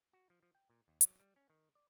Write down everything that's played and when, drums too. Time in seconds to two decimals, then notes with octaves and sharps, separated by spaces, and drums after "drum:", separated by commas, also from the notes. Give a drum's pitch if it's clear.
0.13 F#4
0.30 F3
0.43 F3
0.55 G5
0.70 A#2
0.88 D#2
1.01 F#3, drum: hi-hat
1.20 G3
1.36 C#4
1.50 D#3
1.75 D5